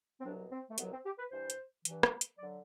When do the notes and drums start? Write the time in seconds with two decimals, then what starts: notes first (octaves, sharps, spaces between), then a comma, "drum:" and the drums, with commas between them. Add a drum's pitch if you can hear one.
0.20 C4
0.25 C2 B2 F#3 D4
0.51 C4
0.70 A3
0.78 C2 B2 F#3 B3, drum: hi-hat
0.92 C4
1.05 G4
1.18 B4
1.31 G2 E3 C5
1.50 drum: hi-hat
1.85 G2 E3, drum: hi-hat
2.03 drum: rim click
2.21 drum: hi-hat
2.38 D3 F#3 D5